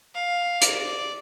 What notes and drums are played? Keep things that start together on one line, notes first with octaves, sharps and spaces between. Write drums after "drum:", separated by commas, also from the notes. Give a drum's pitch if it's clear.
F5
D5, drum: hi-hat